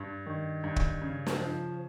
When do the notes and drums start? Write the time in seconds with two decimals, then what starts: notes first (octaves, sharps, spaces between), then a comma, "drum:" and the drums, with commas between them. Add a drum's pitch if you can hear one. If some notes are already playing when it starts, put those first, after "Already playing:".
Already playing: G2
0.26 D#3
0.64 G2
0.76 drum: kick
1.02 C#3
1.26 drum: snare
1.39 F3